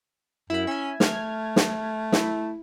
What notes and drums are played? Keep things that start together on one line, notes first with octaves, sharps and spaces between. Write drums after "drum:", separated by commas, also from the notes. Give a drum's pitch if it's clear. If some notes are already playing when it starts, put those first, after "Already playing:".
F#2 E4 B5
C#4 E5 G#5
A3 F6 G#6, drum: snare
drum: snare
E4, drum: snare